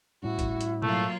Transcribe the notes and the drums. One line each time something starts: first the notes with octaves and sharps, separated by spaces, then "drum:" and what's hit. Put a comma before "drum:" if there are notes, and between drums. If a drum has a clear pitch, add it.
A2 G3 C#4 E4 F#4
drum: kick G#1, hi-hat
drum: hi-hat
F#3 A3 A#3 F4, drum: tom B2